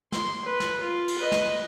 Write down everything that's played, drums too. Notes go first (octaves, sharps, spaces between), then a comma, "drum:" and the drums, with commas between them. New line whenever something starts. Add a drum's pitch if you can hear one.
C6, drum: snare
B4
drum: snare
F4
drum: cymbal
B4 D#5
drum: snare